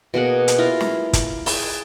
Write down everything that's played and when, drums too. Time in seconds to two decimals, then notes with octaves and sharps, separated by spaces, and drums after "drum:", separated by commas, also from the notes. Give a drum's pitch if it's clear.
0.14 B2 A#3 G#4 F#5
0.48 drum: hi-hat
0.58 E4 F4 A#4 F5
0.80 drum: snare
1.13 drum: kick, hi-hat
1.46 G#4 G5 A5, drum: open hi-hat